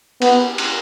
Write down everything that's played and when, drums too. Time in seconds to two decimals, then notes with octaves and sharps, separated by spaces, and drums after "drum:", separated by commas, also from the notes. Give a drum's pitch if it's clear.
0.22 B3, drum: cymbal
0.58 drum: cymbal